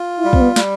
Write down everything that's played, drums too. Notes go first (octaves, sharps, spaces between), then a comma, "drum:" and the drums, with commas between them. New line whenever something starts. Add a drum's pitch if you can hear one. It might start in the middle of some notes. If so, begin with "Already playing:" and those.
Already playing: F4
E4
G3
C4, drum: kick
B3
G3, drum: snare